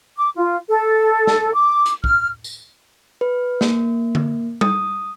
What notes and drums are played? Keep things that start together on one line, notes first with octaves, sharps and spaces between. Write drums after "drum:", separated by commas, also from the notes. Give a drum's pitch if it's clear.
D6
F4
A4
drum: snare
D6
drum: hi-hat
F6, drum: kick
drum: tambourine
B4
A#3, drum: snare
drum: tom D3
D#6, drum: tom G3